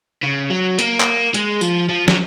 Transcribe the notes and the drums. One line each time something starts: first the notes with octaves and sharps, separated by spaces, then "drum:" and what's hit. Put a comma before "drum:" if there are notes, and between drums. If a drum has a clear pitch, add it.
C#3
F#3
A#3, drum: hi-hat
drum: clap
G#3, drum: hi-hat
F3, drum: tambourine
F3
F#3, drum: snare